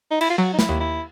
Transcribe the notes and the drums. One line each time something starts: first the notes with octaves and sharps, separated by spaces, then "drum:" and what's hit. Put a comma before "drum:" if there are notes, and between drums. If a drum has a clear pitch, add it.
D#4
E4, drum: cymbal
F4
F#3 F#4
D#4
E4, drum: snare
D#2
E4